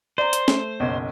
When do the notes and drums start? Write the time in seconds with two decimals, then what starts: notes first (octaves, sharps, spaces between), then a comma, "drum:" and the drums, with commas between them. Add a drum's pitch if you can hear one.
0.18 C5 D5 A#5
0.33 drum: hi-hat
0.48 A3, drum: snare
0.80 F#1 B1